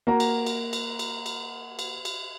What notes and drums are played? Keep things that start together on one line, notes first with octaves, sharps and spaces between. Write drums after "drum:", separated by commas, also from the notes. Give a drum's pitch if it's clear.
A#3 F#4 A#5
drum: cymbal
drum: cymbal
drum: cymbal
drum: cymbal
drum: cymbal
drum: cymbal
drum: cymbal